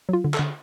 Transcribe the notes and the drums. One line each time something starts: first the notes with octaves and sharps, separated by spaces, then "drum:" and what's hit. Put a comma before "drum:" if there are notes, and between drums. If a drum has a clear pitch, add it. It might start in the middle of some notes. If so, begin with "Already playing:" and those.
F#3 F4
D3
A4, drum: clap
D3